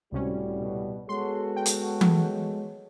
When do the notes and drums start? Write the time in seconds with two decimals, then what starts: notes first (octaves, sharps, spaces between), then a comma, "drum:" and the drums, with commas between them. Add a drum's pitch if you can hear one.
0.12 C#2 A2 C3 G3 C#4 F#4
0.59 B2
1.09 G#3 B3 F#4 G#4 A4 C#5 C6
1.56 G5
1.66 drum: hi-hat
2.01 drum: tom E3